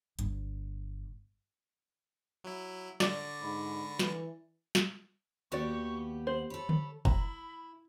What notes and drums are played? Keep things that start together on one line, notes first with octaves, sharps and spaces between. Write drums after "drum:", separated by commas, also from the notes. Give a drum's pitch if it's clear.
G1, drum: hi-hat
F#3 E4
D3 D5 C#6 A#6, drum: snare
G#2 B5
E3, drum: snare
drum: snare
D#2 B3 F#4 G4 D5 C#6
C5 F#7
A4 C#5 B5
drum: tom D3
E4 A#5 B5, drum: kick F#1